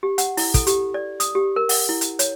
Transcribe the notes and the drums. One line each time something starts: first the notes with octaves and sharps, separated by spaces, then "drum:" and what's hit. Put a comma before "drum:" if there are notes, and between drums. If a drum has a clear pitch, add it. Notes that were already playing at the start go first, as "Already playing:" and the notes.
G4
F#5, drum: hi-hat
E4, drum: open hi-hat
A4, drum: kick, hi-hat
G4, drum: hi-hat
D5
D#6, drum: hi-hat
G4
A#4
F#5, drum: open hi-hat
E4
drum: hi-hat
C#5, drum: hi-hat